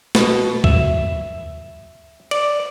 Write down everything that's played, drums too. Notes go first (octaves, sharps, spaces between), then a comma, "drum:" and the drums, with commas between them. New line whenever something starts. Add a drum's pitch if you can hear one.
B2, drum: snare
E5, drum: kick
D5, drum: cymbal